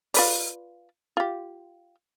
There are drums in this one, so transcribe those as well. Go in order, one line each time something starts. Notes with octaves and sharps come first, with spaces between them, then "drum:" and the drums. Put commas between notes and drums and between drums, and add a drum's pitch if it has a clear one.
F4 B4 D5, drum: open hi-hat
F4 G4